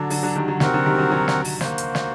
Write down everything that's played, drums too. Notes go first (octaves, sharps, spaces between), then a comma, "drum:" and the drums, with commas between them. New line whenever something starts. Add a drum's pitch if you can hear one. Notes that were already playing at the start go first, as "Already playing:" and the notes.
Already playing: D3 F#3 D4 A4 D5
D3 F#3, drum: open hi-hat
D3 F#3
D#3 G3
D3 F#3
C3 D#3 C4 F#4 A#4 F#5, drum: snare
D3 F#3
D#3 G3
D3 F#3
D3 F#3
drum: snare
drum: open hi-hat
A#3 F#4 C5, drum: snare
drum: hi-hat
drum: snare